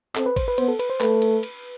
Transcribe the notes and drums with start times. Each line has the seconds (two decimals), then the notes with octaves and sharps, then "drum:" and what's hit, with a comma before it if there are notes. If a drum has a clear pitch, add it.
0.16 C4 A4, drum: clap
0.26 B4
0.36 C5, drum: kick G#1, cymbal
0.48 B4
0.58 B3 C5, drum: cymbal
0.68 A4
0.79 B4, drum: cymbal
0.90 C5
1.01 A3 B4, drum: clap
1.22 drum: cymbal
1.43 drum: cymbal